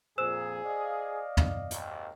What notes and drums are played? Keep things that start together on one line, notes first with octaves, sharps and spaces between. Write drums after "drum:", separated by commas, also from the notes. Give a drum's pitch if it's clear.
F2 A#2 G#4 C5 E6 E7
D5 D#5 F5
drum: tom E2
G#1 D#2, drum: hi-hat